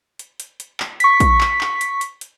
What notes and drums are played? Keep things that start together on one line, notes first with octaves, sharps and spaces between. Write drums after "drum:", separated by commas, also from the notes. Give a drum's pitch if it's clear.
drum: hi-hat
drum: hi-hat
drum: hi-hat
drum: clap
C#6 B6, drum: hi-hat
drum: kick, hi-hat
drum: clap
drum: clap
drum: hi-hat
drum: hi-hat
drum: hi-hat